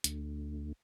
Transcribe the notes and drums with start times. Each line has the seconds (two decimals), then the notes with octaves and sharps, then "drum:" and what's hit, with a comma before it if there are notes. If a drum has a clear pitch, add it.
0.04 D2, drum: hi-hat